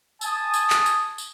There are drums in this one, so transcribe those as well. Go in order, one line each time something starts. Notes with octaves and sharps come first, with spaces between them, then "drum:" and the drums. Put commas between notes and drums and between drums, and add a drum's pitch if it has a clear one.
G#5 A5 D#6, drum: tambourine
drum: tambourine
drum: clap
drum: tambourine
drum: tambourine